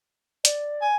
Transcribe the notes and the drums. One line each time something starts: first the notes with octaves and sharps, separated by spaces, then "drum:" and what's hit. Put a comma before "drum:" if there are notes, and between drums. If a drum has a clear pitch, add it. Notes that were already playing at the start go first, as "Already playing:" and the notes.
D5, drum: hi-hat
G#5